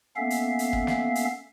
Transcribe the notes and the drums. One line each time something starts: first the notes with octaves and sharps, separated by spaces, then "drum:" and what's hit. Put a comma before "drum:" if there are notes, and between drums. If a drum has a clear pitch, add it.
A#3 B3 C#4 A4 E5 F5
drum: hi-hat
drum: hi-hat
drum: kick
drum: snare
drum: hi-hat